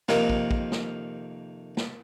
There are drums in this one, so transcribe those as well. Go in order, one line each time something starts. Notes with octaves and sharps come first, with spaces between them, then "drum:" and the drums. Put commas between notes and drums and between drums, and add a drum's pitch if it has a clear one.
F2 C3 D#3 A#3, drum: snare
drum: kick
drum: kick
drum: snare
drum: snare